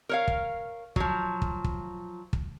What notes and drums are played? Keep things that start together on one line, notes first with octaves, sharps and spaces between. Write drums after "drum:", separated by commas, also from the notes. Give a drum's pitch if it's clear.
A#4 C#5 F5
drum: kick
F3 F#3, drum: kick
drum: kick
drum: kick
drum: kick